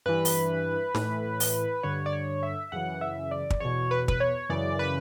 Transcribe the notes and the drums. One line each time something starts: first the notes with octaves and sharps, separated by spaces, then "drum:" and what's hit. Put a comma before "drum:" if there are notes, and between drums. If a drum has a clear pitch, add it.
G2 E3 B4
drum: open hi-hat
A2 E3, drum: snare
drum: open hi-hat
G2 D3 C#5
D5
C#5
E5
F#2 C#3 E3 F#5
E5
D5
drum: kick
E2 B2 C#5
B4
B4, drum: kick
C#5
F#2 C#3 E3 D5
B4